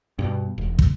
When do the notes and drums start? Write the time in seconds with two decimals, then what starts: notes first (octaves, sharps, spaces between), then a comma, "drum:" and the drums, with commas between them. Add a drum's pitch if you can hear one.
0.19 G2 B2
0.58 E1
0.79 drum: kick